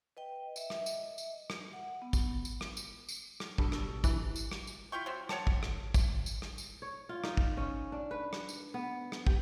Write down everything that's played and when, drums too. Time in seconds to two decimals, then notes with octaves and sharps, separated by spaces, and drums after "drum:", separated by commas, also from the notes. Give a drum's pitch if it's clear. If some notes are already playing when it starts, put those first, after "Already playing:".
0.17 B4 D#5 G5
0.56 D#5 E5, drum: tambourine
0.70 drum: rim click
0.86 drum: tambourine
1.18 drum: tambourine
1.50 drum: rim click
1.73 F#5
2.02 B3
2.13 drum: kick, tambourine
2.45 drum: tambourine
2.61 drum: rim click
2.77 drum: tambourine
3.09 drum: tambourine
3.40 drum: rim click
3.58 G2 B2 A4, drum: kick
3.72 drum: rim click
4.04 E3, drum: kick, tambourine
4.36 drum: tambourine
4.51 drum: rim click
4.67 drum: tambourine
4.92 E4 F4 G5 C#6
5.06 F#3 C4
5.29 C#5 F#5 G5 A5, drum: rim click
5.47 drum: kick
5.63 drum: rim click
5.94 drum: kick, tambourine
6.26 drum: tambourine
6.42 drum: rim click
6.58 drum: tambourine
6.82 C#5
7.09 F4
7.24 D#4, drum: rim click
7.37 drum: kick
7.57 C#4
7.92 D4
8.11 B4
8.33 drum: rim click
8.49 drum: tambourine
8.74 B3
9.12 drum: rim click
9.27 G4, drum: kick